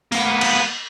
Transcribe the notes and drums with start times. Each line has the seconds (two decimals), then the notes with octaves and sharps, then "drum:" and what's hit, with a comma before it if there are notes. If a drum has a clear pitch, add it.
0.12 A#3 B3, drum: open hi-hat
0.41 drum: cymbal